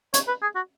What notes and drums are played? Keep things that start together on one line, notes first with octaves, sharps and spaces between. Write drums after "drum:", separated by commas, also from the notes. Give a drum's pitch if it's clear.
C#5, drum: hi-hat
B4
G#4
F#4